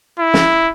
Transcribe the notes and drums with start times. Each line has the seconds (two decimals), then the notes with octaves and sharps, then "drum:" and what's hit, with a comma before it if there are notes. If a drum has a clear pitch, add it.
0.19 E4
0.34 drum: snare